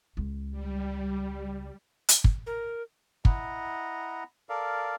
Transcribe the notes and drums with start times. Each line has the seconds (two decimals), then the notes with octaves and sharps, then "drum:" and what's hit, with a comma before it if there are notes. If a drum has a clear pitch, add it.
0.17 C#2 C#3
0.51 G3
2.09 drum: hi-hat
2.24 drum: kick
2.47 A#4
3.25 E4 D#5 F#5 A#5, drum: kick
4.49 A4 A#4 D5 F5